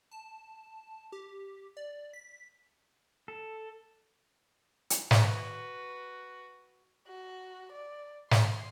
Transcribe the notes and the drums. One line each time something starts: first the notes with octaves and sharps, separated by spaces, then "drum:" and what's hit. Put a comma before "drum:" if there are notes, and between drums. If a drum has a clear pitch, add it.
A5
G4
D5
B6
A4
drum: hi-hat
F#4 B4, drum: snare
F#4
D5
C6, drum: snare